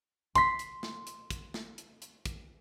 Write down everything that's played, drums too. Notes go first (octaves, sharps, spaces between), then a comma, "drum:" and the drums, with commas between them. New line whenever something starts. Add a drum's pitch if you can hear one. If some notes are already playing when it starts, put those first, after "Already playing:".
C6 B6, drum: kick, hi-hat
drum: hi-hat
drum: snare
drum: hi-hat
drum: kick, hi-hat
drum: snare
drum: hi-hat
drum: hi-hat
drum: kick, hi-hat